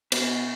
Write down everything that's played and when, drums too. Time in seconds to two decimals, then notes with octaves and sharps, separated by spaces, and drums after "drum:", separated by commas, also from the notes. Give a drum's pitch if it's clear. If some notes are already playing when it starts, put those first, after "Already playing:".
0.12 B2, drum: cymbal